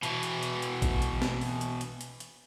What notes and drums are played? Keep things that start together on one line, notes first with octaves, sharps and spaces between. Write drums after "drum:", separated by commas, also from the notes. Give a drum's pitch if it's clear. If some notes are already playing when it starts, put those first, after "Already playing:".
B2 E3, drum: hi-hat
drum: hi-hat
drum: hi-hat
drum: hi-hat
drum: kick A1, hi-hat
drum: hi-hat
drum: snare
drum: open hi-hat
drum: hi-hat
drum: hi-hat
drum: hi-hat
drum: hi-hat